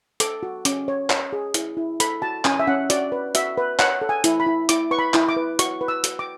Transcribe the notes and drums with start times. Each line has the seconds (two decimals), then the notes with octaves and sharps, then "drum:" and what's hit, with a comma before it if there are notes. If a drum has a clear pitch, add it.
0.20 A4 D6, drum: hi-hat
0.43 F#4
0.65 C#4 D6, drum: hi-hat
0.88 C#5
1.10 C#5, drum: clap
1.33 G#4
1.54 E4, drum: hi-hat
1.77 E4
2.00 A4 B5, drum: hi-hat
2.22 F#4 A5
2.45 C#4 G#5, drum: clap
2.59 E5
2.67 C#4 F#5
2.90 F#4 D5, drum: hi-hat
3.12 B4
3.35 F#4 E5, drum: hi-hat
3.57 B4
3.79 C#5 F#5, drum: clap
4.02 A4
4.09 G#5
4.24 E4, drum: hi-hat
4.40 B5
4.46 E4
4.69 E4 D6, drum: hi-hat
4.91 B4 C#6
4.99 B5
5.14 E4, drum: clap
5.29 D6
5.37 B4
5.59 F#4 C#6, drum: hi-hat
5.81 B4
5.88 E6
6.04 F#4, drum: hi-hat
6.19 D6